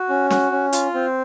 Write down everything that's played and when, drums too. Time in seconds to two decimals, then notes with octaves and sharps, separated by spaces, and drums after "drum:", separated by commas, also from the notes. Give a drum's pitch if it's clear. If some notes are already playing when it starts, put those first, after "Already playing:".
Already playing: F#4
0.09 C#4
0.30 F#4, drum: snare
0.52 C#4
0.73 F4, drum: hi-hat
0.94 C4